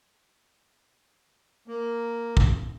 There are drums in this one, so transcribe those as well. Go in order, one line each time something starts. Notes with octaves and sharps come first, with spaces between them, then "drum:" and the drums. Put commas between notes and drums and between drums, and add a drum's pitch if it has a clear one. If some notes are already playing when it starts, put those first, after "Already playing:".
A#3
drum: kick